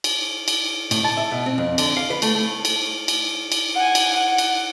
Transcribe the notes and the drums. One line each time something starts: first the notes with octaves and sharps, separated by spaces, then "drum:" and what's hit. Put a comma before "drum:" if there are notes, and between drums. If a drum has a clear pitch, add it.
drum: cymbal
drum: cymbal
A2, drum: cymbal
A5
E5
B2
C4
F2
D3, drum: cymbal
F5
B4
A3, drum: cymbal
A3
drum: cymbal
drum: cymbal
drum: cymbal
F#5 G#5
drum: cymbal
F#5
drum: cymbal